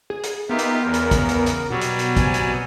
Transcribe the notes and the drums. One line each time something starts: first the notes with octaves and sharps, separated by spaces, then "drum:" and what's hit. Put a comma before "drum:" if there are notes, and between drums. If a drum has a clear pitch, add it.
G#4
drum: hi-hat
A#3 B3 D#4 F4 G4 E5
drum: hi-hat
E2 C#3 A#4
drum: hi-hat
drum: kick, hi-hat
drum: hi-hat
drum: hi-hat
B2 F#3 G3
drum: hi-hat
drum: hi-hat
C3 G#5, drum: kick, hi-hat
drum: hi-hat